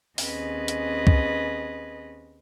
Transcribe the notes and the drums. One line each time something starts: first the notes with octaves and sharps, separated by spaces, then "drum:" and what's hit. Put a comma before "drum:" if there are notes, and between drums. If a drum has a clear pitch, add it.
D#2 C4 C#4 G#4 B4 D#5, drum: open hi-hat
drum: hi-hat
drum: kick C#2